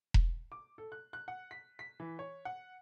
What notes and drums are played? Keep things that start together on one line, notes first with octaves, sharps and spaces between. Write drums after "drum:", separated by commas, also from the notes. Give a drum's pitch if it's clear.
drum: kick E1
D6
A4
F#6
F#6
F#5
B6
B6
E3
C#5
F#5